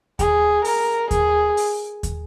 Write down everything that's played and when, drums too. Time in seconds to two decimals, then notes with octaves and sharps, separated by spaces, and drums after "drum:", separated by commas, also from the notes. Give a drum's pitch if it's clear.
0.19 G#4, drum: kick D#2, hi-hat
0.65 A#4, drum: open hi-hat
1.11 G#4, drum: kick D#2, hi-hat
1.57 drum: open hi-hat
2.03 drum: kick D#2, hi-hat